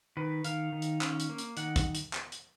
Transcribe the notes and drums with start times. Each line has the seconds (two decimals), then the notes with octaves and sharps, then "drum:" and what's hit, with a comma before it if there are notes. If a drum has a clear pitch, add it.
0.17 D#3 B4
0.44 D#3 F5, drum: hi-hat
0.72 D#3
0.82 drum: hi-hat
1.01 C#4, drum: clap
1.20 drum: hi-hat
1.29 A#3
1.38 drum: hi-hat
1.57 D#3 F#5, drum: hi-hat
1.76 drum: kick, hi-hat
1.95 drum: hi-hat
2.13 drum: clap
2.32 drum: hi-hat